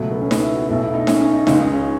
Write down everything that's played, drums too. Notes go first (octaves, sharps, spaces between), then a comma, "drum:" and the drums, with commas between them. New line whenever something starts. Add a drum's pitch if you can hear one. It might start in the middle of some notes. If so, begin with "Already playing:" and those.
Already playing: C#2 B2 F#3 A3
B3
C#4
D#4, drum: snare D#4
E4
F#4
B1 B2 A3 E4
E4
D#4
C#4, drum: snare D#4
C#4
D#4
C#2 C#3 G#3 D#4, drum: snare D#4
D#4
C#4